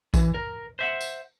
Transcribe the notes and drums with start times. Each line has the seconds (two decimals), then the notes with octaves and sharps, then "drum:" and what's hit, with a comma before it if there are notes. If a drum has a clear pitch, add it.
0.14 E3, drum: kick A#1, tambourine
0.34 A#4
0.79 C5 E5 F#5
1.01 drum: tambourine